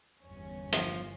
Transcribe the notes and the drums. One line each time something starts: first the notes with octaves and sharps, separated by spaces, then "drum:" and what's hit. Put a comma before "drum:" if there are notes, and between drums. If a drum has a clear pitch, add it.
G1 E2 C#4
F3, drum: hi-hat